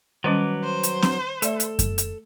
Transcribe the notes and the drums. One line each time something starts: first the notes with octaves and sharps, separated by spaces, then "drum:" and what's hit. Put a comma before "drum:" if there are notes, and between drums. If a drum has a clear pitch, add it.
D#3 F#3 G3 C#4 B4 D6
C5
drum: hi-hat
drum: snare C4
A3 A4 D5 E5, drum: hi-hat
drum: hi-hat
drum: kick F#2, hi-hat
drum: hi-hat